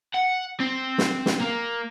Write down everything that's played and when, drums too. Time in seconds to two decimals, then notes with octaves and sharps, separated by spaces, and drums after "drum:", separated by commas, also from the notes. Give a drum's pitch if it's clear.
0.15 F#5
0.60 C4
0.98 drum: snare
1.26 drum: snare
1.40 A#3